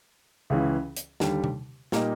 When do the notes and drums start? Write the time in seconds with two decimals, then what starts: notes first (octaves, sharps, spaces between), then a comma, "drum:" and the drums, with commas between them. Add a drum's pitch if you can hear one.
0.50 C#2 C#3 E3
0.97 drum: hi-hat
1.20 D#2 D3 G3, drum: snare
1.44 drum: tom C3
1.92 A#2 G3 A#3 D#4, drum: snare